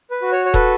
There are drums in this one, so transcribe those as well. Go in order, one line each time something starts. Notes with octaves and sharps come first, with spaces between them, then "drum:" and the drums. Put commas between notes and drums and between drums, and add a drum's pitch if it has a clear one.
B4
F#4
C#5
C#5
A4 B4, drum: kick D#1